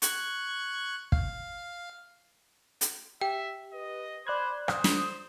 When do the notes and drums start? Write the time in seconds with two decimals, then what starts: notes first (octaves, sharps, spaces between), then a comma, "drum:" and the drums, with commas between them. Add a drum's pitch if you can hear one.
0.02 C#6 F#6 G#6, drum: hi-hat
1.12 F5, drum: kick
2.81 drum: hi-hat
3.21 G4 E5 G5
3.73 B4 D#5
4.27 C5 D5 B5 F#6 G#6
4.68 C5 D#6, drum: rim click
4.84 drum: snare